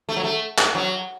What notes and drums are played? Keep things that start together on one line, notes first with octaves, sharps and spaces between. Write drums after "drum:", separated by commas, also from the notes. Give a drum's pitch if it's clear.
A3
F#3
A3
drum: clap
F#3